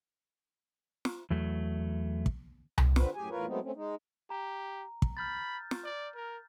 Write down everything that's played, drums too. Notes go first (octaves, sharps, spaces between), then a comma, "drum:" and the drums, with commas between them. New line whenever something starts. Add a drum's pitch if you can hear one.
drum: snare
E2 F#3 A3
drum: kick
drum: tom C2
D3 C4 B4, drum: snare
F#2 A2 G4 G#4 G#5
E2 A2 F4 A#4 B4 C#5
F#3 G#3 A3 B3 C4 D#4
A3 C4 C#4
G#3 D#4
G4 A#5
drum: kick
B5 F6 G6 A6
drum: snare
D5
A#4